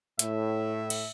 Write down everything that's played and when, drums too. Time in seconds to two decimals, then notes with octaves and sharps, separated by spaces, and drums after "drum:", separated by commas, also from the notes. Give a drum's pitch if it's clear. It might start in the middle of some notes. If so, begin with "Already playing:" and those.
0.19 A2 E5, drum: hi-hat
0.90 drum: cymbal